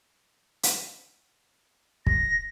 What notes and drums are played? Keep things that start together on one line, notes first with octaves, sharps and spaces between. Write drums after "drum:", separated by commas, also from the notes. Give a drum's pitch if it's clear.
drum: hi-hat
A#6, drum: kick